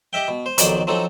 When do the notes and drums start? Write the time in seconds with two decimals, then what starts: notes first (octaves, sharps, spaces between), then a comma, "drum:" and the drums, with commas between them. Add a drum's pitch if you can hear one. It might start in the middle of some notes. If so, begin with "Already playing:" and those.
0.13 G4 D#5 E5 G5
0.28 B2
0.46 C5
0.58 B1 F2 D#3 F#3 C5 D5, drum: hi-hat
0.87 F3 F#3 C4 D#4 A4